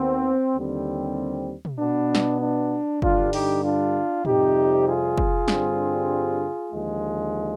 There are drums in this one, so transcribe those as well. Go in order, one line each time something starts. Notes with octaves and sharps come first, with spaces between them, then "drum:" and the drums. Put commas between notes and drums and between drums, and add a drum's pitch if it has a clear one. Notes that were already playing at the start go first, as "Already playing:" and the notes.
Already playing: D#2 D#3 B3 C4
D#2 D3 G3 C4
drum: tom
B2 B3 D4
drum: snare
D4
G2 D3 G3 D4 F4, drum: kick
D#4 G4, drum: open hi-hat
D4 F4
F2 C3 G3 D#4 G4, drum: tom
F4 G#4
drum: kick
G2 D3 G3 C4, drum: snare
D#2 D3 F3 G#3